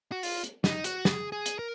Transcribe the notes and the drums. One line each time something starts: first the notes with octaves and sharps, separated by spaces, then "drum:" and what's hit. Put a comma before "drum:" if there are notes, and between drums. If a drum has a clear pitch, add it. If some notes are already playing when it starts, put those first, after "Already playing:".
F#4
F4, drum: open hi-hat
drum: hi-hat
D#4, drum: snare
F#4, drum: hi-hat
G#4, drum: snare
G#4
drum: hi-hat
A#4